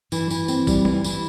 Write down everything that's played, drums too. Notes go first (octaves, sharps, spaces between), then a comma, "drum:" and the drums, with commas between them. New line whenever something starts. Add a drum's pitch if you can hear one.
E3, drum: tambourine
E3, drum: tambourine
C4, drum: tambourine
G3, drum: kick, tambourine
E3, drum: tom G3
E3, drum: tambourine